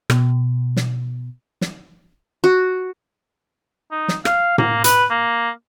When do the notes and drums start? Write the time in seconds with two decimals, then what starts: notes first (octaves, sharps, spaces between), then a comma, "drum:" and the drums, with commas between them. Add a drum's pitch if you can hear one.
0.10 B2, drum: rim click
0.76 drum: snare
1.61 drum: snare
2.44 F#4
3.91 D#4
4.08 drum: snare
4.25 F5, drum: rim click
4.58 A#3, drum: tom A2
4.84 B4, drum: hi-hat
5.10 A#3